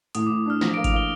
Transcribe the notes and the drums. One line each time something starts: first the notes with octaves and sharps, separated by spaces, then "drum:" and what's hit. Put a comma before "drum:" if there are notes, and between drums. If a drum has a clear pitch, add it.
A2 D#6, drum: hi-hat
A2 D6
D4 F6
F3 A#6, drum: snare
A#3 D7
F7, drum: kick G#1, hi-hat
A#3 G7